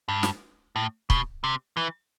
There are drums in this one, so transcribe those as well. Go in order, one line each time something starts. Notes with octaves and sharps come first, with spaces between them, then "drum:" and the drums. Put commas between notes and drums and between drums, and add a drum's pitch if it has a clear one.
G2
drum: snare
A2
B2, drum: kick
C3
E3